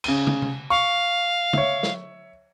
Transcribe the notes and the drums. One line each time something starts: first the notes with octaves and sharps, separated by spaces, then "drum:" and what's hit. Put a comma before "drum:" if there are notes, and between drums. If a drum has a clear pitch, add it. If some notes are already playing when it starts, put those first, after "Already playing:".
C#3 D#7, drum: cymbal
drum: tom
drum: tom C3
F5 C#6
C#5 E5, drum: tom
drum: snare